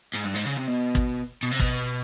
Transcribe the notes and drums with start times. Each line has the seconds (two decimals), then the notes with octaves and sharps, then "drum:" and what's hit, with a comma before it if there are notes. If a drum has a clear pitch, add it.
0.15 G#2
0.25 G2
0.35 G#2
0.46 C#3
0.57 C3
0.68 B2
0.95 drum: kick
1.43 B2
1.51 C3
1.60 B2, drum: kick